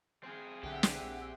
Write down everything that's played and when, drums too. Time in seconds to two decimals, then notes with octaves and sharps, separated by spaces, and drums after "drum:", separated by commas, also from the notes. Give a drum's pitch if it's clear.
0.23 C4 G#4
0.63 B1 D3 G4 E5 F#5
0.83 drum: snare
1.02 A#1